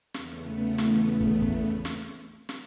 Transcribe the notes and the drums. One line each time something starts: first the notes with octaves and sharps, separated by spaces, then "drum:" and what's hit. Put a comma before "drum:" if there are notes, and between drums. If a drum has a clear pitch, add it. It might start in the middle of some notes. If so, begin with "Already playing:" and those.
E2 C#3 A3 B3, drum: snare
drum: snare
drum: kick
drum: kick
drum: snare
drum: snare